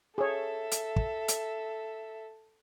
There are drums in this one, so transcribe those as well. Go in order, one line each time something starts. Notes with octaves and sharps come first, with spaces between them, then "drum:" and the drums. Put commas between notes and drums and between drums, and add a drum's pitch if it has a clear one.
G#4 A4 C#5 E5
drum: hi-hat
drum: kick
drum: hi-hat